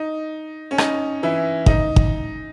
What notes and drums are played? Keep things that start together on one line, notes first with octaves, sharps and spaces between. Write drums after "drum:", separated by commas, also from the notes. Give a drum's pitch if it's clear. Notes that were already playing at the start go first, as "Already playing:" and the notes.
Already playing: D#4
C#4
D#4, drum: rim click
E3 E4
D#4, drum: kick
drum: kick